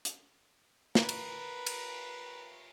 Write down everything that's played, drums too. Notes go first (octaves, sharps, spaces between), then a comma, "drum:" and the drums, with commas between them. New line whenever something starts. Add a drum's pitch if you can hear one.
drum: hi-hat
A#4 B4, drum: snare
drum: cymbal
drum: cymbal